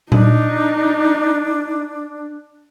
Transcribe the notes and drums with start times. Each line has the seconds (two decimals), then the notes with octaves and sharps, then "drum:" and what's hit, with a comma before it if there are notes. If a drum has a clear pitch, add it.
0.12 D4 D#4, drum: tom A#2